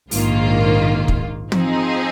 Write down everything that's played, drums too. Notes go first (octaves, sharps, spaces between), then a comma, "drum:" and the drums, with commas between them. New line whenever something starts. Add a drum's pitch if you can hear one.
A#1 G#2 D#3 A#3 F4, drum: open hi-hat
drum: kick
F3 C4 D#4 G#4, drum: tom